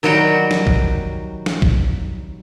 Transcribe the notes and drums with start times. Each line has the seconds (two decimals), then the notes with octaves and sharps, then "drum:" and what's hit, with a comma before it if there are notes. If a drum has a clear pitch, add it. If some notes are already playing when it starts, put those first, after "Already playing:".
0.03 D#3 F#3 G3 F#4 G5
0.51 drum: snare
0.67 drum: kick
1.46 drum: snare
1.62 drum: kick